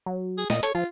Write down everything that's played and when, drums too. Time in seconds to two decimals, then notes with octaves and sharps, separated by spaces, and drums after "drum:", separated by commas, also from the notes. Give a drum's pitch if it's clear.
0.06 F#3
0.38 G#4
0.50 A#2 D#5, drum: snare
0.63 A4 C#5, drum: hi-hat
0.75 F3 F4